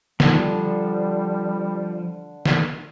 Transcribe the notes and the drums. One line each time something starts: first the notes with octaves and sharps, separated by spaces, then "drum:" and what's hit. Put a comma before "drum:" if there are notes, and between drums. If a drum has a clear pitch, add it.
D3 F3 G3 A5, drum: snare
drum: snare